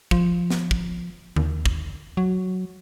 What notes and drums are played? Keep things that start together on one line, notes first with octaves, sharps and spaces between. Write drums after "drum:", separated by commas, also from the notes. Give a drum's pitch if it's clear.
F3, drum: kick
drum: snare
drum: kick
D#2, drum: tom D3
drum: kick
F#3